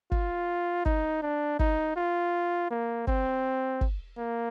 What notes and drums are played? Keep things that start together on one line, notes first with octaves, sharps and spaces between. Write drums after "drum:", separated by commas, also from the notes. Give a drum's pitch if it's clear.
F4, drum: kick
D#4, drum: kick
D4
D#4, drum: kick
F4
A#3
C4, drum: kick
drum: kick
A#3